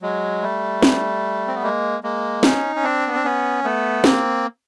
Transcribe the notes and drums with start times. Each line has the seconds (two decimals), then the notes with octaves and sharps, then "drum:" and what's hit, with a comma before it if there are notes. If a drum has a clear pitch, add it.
0.02 F#3 G#3
0.42 G3 A3
0.82 drum: snare
1.47 C4
1.55 B3
1.63 G#3 A#3
2.03 G#3 A#3
2.43 C#4 D#4, drum: snare
2.76 C#4
2.83 C4 D4
3.07 B3
3.15 C4
3.24 B3 C#4
3.64 A3 B3
4.04 A#3 C4, drum: snare